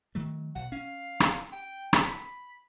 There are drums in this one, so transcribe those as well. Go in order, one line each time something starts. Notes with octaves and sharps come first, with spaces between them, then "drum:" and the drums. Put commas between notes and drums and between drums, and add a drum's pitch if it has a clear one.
D#3 F#3 A3
B1 F#5
C#4 F5
drum: rim click
G5
drum: rim click
B5